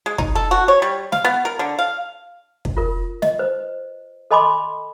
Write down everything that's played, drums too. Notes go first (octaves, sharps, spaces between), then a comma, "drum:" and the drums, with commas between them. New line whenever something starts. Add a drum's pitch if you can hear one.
G#3
D#4, drum: kick
A4
F#4
C#5
G3
F5, drum: snare
B3
A#4
D3
F5
drum: kick
F4 A#4
D#5, drum: snare
B4 C5
A4 D#5 G#5 B5 C6 D6